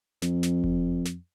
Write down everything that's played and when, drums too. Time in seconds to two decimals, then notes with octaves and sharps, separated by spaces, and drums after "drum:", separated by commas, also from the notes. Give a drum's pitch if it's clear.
0.22 F2, drum: snare
0.43 drum: snare
0.64 drum: kick F#1
1.05 drum: snare